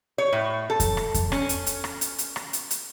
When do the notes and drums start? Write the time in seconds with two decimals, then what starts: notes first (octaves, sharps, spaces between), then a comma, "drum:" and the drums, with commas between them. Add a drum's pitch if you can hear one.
0.18 C#5
0.32 A2
0.70 A4
0.80 drum: kick F2, hi-hat
0.97 drum: rim click
1.14 drum: kick F2, hi-hat
1.32 C#4, drum: rim click
1.49 drum: hi-hat
1.66 drum: hi-hat
1.84 drum: rim click
2.01 drum: hi-hat
2.18 drum: hi-hat
2.36 drum: rim click
2.53 drum: hi-hat
2.71 drum: hi-hat